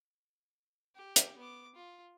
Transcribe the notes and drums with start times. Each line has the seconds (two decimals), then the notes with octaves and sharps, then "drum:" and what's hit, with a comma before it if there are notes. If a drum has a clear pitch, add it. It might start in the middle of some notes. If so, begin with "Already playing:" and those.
0.96 G4
1.16 drum: hi-hat
1.37 B3 D6
1.75 F4